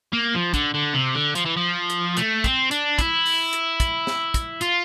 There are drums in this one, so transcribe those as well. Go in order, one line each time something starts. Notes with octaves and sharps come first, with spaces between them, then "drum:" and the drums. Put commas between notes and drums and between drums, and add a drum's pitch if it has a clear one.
A#3
F3
D3, drum: kick, hi-hat
D3
C3
D3
F3, drum: hi-hat
E3
F3
drum: hi-hat
A3, drum: hi-hat
C4, drum: kick, hi-hat
D4, drum: hi-hat
E4, drum: kick, hi-hat
drum: open hi-hat
drum: hi-hat
drum: kick, hi-hat
drum: snare
drum: kick, hi-hat
F4, drum: hi-hat